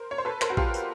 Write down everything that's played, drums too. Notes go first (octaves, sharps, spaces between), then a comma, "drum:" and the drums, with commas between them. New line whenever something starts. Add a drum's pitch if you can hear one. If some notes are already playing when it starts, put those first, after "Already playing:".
Already playing: A#4 C5
C#5
C5
A4 B4
A#4 C5, drum: clap
F#4
F4 G4, drum: kick
drum: tambourine